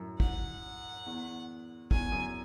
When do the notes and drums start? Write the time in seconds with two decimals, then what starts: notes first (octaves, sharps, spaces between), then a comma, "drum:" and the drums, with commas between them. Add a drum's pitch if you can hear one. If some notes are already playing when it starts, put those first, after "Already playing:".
Already playing: F#2 A2
0.20 F#5, drum: kick
1.06 E2
1.91 E2 G#5, drum: kick
2.12 F#2